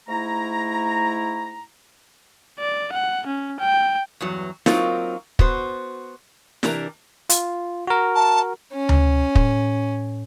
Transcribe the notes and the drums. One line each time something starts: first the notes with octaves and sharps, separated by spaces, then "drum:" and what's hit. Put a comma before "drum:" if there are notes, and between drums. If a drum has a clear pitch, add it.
G#2 A3 E4 A#5
D5
F#5
C#4
G5
E2 G2 F#3
F#3 A#3 C4 D#4 F4 A#4, drum: snare
B3 F#4 C5, drum: kick
C3 E3 D4 G4 A#4 A#5, drum: snare
F4, drum: hi-hat
F#4 A#4
A5
C#4
drum: tom D2
A2, drum: kick